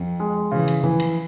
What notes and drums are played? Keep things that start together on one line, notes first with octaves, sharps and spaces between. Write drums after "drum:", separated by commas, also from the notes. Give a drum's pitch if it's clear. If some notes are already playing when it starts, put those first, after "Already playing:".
Already playing: F2
G#3
C#3 E3
drum: cymbal
E3 F3, drum: tom C#3
drum: cymbal